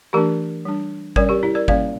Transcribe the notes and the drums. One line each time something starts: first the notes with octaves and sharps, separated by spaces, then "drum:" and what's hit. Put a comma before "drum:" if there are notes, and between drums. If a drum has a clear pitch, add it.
E3 A3 D4 G4 A#4
G3 D4
G3 C#4 A#4 D5, drum: kick G#1
G4 A#4
E4 G4
A#4 D5
G3 A#3 C#4 D5 F5, drum: kick G#1